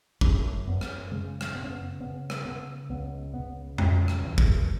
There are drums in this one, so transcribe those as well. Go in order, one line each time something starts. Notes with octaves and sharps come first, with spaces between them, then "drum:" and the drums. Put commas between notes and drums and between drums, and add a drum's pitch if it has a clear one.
F#2 C#4, drum: kick
F#2 B3
drum: rim click
C#3 G#3
drum: rim click
C#3 B3
C#4
B3
C#3 B3
drum: rim click
C#3 B3
C#2 B3
C#3 B3
B2 C#4, drum: tom F2
drum: rim click
E2
drum: kick